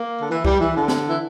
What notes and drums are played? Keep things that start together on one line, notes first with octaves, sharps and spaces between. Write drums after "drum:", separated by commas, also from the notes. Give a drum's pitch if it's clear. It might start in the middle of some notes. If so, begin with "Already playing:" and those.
Already playing: A#3
D3
E3
G3, drum: kick C2
E3
D3
drum: snare
E3